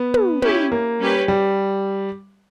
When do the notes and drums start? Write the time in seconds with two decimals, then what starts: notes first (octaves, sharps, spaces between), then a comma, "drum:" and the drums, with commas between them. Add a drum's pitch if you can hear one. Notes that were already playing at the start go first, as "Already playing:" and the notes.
Already playing: B3
0.14 drum: tom
0.42 C#4 E4 G4, drum: tom
0.72 A#3
0.99 G3 C#4 G4 B4
1.28 G3